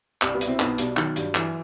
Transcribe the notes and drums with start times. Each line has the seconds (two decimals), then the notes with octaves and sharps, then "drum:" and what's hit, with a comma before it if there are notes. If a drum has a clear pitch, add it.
0.22 C2 G3, drum: clap
0.34 G3 B3
0.41 B2, drum: hi-hat
0.47 C4 E4
0.60 B1 B3 D#4, drum: clap
0.78 B2 G3, drum: hi-hat
0.97 D#3 F#3, drum: clap
1.16 G2, drum: hi-hat
1.35 E3, drum: clap